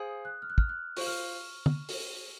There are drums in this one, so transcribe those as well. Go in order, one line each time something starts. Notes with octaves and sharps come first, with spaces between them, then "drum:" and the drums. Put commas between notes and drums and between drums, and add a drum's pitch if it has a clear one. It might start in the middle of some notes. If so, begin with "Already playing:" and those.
Already playing: G#4 C5 F5 G#5 D#6
F#6
F6
F#6
F6, drum: kick
F#6
F4 C5 F5 C#6, drum: open hi-hat
F6
drum: tom
drum: open hi-hat